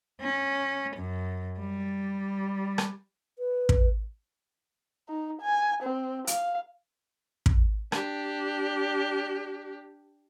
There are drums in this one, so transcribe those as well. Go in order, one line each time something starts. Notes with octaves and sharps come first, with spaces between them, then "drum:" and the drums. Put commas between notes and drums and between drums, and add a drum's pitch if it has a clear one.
C#4
F#2
G3
drum: rim click
B4
drum: kick
D#4
G#5
C4
F5, drum: hi-hat
drum: kick
D4 G4, drum: rim click